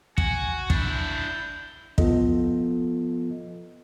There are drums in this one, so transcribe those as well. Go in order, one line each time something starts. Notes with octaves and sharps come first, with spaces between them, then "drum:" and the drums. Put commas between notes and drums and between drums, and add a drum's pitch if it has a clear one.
F#4 G#5, drum: kick
D4 E4 G6, drum: kick
F3 B3 F4 A4 D#5, drum: kick